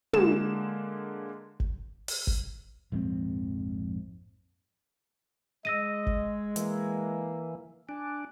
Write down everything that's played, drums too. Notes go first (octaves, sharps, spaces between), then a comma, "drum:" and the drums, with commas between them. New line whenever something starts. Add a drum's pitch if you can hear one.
D3 G#3 A#3 E7, drum: tom
drum: kick G#1
drum: open hi-hat
drum: kick G#1
A#1 F2 G#2 C4
G#3 D#5 E6 A#6 D#7
drum: kick G#1
E3 A#3, drum: hi-hat
D4 G#5